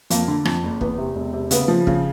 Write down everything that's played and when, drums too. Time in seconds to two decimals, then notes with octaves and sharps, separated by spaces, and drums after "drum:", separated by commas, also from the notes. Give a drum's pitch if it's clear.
0.10 F2 A#3, drum: hi-hat
0.28 D3
0.45 F2, drum: rim click
0.63 F#1
0.81 E2 B3, drum: kick
0.98 C3
1.16 E1
1.33 C3
1.51 C#3 B3, drum: hi-hat
1.68 F3
1.87 C#3, drum: kick